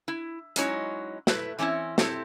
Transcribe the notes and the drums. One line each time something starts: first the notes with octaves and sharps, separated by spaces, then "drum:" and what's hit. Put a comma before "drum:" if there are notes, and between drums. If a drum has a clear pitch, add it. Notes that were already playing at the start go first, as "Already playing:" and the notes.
E4
F#3 G#3 C#4 D#4 E4 C#5, drum: hi-hat
A3 E4 B4, drum: snare
E3 C4 C#4 D#4 E4
C4 E4 G4 A4, drum: snare